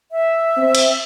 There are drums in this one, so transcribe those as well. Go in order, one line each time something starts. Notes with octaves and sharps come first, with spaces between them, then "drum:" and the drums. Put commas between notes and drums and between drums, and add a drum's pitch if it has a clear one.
E5
C4
drum: cymbal